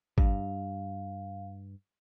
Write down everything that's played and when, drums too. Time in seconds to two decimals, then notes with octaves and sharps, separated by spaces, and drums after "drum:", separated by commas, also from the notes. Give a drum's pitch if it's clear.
0.18 G2 F5, drum: kick